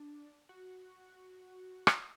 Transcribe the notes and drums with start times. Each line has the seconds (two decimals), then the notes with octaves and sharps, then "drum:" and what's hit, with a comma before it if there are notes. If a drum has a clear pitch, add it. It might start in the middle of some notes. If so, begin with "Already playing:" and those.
Already playing: D4
0.49 F#4
1.87 drum: rim click